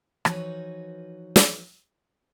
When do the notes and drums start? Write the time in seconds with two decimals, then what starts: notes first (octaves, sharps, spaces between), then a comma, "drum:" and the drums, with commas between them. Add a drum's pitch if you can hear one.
0.25 E3 F3 D#4 F#4 B4 C#5, drum: rim click
1.36 drum: snare